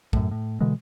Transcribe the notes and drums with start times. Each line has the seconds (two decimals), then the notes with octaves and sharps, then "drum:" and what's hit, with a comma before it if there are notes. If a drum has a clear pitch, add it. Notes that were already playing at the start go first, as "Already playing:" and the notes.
0.13 F#2 A2, drum: kick
0.31 A2
0.61 B2 D3 E3 G#3